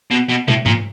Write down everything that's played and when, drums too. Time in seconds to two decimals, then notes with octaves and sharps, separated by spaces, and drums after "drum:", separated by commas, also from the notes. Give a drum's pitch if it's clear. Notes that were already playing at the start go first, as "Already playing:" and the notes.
0.11 B2
0.29 B2
0.48 A2, drum: tom
0.66 A#2, drum: tom G#2